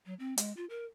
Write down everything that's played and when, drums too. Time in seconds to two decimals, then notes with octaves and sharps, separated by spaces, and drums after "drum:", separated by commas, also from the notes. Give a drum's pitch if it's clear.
0.06 F#3
0.19 C4
0.38 G#3, drum: hi-hat
0.57 F4
0.70 A#4